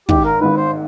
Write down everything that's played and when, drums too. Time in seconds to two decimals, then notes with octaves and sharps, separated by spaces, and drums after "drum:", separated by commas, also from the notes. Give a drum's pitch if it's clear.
0.09 G#1 G#2 D#3 G4, drum: kick
0.25 A#4
0.41 G#1 G#2 D#3 B4
0.57 C5